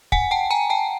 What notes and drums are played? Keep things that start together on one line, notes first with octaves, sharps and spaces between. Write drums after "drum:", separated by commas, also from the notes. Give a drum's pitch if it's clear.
F#5 G#5, drum: kick
G5 A5
G#5 A#5
G5 A5